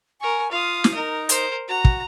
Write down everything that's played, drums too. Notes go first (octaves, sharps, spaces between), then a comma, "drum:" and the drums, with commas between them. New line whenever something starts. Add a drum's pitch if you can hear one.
A#4 G#5 C#6
F4 F5 D#6
drum: snare
D#4 A#4
A#4 C5, drum: hi-hat
F#4 A#5
drum: kick